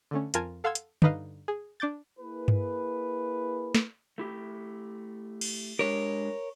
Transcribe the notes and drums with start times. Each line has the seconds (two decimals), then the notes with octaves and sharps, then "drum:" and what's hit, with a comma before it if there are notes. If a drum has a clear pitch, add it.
0.11 D3 A3 C#4
0.34 F2 F4 A#4 G#5 A5 G#6, drum: hi-hat
0.64 A4 F5 F#5 C6 E6 G#6
0.75 drum: hi-hat
1.02 G2 D3 D#4 B4 D#5 F5, drum: tom
1.48 G#4
1.80 D4 D6 G6 A6
2.18 A#3 E4 G#4 B4
2.48 drum: tom G2
3.75 drum: snare
4.18 A3 E4 G4
5.41 drum: cymbal
5.79 G#3 D4 G4 A#4 C#5